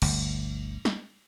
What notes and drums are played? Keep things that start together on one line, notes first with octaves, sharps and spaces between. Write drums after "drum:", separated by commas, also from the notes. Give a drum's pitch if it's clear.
G1 D2, drum: cymbal
drum: snare